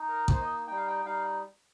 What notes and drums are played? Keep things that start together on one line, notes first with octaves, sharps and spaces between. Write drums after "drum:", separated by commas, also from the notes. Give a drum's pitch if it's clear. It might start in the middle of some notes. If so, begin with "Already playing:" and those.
Already playing: D#4
A#4
A#3 D#4 C5, drum: kick A1
D#5
G3 D#4 G5
F5
G5
G3 D#4 F5